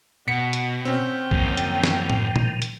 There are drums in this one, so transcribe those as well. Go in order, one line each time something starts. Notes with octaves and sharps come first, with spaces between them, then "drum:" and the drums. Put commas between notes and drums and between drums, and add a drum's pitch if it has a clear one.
B2 F#5 B6 C#7
drum: hi-hat
C4 C#4 G5
F#2 D#3 F3 A#3, drum: kick B1
drum: hi-hat
drum: snare
drum: tom A2
drum: tom A#2
drum: hi-hat